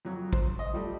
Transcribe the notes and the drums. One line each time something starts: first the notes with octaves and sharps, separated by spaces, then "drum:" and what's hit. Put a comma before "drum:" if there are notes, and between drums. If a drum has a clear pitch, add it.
F2 F#3
C5, drum: kick
D#5
F3 G3 A3